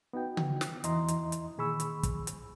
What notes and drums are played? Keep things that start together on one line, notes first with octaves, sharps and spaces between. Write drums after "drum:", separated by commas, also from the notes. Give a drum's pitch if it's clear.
B3 D#4 F#4 G5
drum: tom C#3
drum: snare
E2 E3 E4 D#5 A#5 C6, drum: hi-hat
drum: hi-hat
drum: hi-hat
A#2 D#3 G#4 B5 C#6 E6
drum: hi-hat
drum: kick, hi-hat
drum: hi-hat